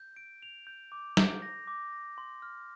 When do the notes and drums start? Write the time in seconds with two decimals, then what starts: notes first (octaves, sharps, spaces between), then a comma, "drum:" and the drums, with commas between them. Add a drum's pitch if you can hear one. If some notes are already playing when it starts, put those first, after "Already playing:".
Already playing: G6
0.16 D7
0.42 F7
0.67 G6
0.92 D6
1.17 G6, drum: snare
1.42 A#6
1.67 D6
1.92 A#6
2.18 C6
2.42 F6